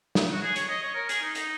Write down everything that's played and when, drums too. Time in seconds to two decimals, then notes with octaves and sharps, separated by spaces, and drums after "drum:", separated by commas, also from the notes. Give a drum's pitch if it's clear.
0.15 drum: snare
0.33 F#4
0.43 G#4
0.56 C#5, drum: hi-hat
0.69 D#5
0.82 C#5
0.95 A#4
1.09 G#4, drum: hi-hat
1.22 D#4
1.35 D#4, drum: hi-hat